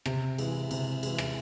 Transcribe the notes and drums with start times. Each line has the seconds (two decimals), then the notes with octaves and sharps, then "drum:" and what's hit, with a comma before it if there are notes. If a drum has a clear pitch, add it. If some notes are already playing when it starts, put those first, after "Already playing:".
0.05 C3, drum: rim click
0.38 E3 G#3, drum: cymbal
0.71 C3, drum: cymbal
1.03 E3 G#3, drum: cymbal
1.18 drum: rim click